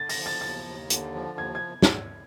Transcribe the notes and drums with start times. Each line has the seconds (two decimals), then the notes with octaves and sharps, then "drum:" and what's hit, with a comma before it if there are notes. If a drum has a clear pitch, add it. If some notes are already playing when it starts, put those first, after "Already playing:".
Already playing: D3 A6
0.09 A#6, drum: open hi-hat
0.18 F3
0.26 A6
0.41 D#2 A6
0.66 D#2
0.90 D3, drum: hi-hat
1.15 F3
1.38 D#2 G#6
1.55 G#6
1.82 drum: snare